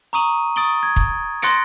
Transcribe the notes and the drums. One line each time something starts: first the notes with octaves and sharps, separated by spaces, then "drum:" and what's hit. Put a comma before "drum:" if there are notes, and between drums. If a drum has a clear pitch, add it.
A#5 C#6 D#6 D#7 F#7
C#6 D#6 A6 D7 F#7 G7
G#6
drum: kick
C6 F#6 A6 A#6 C#7 D7, drum: hi-hat